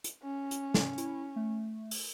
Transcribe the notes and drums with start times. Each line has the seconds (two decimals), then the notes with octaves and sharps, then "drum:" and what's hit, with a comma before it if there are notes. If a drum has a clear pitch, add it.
0.04 drum: hi-hat
0.23 C#4
0.51 drum: hi-hat
0.74 drum: snare
0.98 E4, drum: hi-hat
1.36 A3
1.91 drum: open hi-hat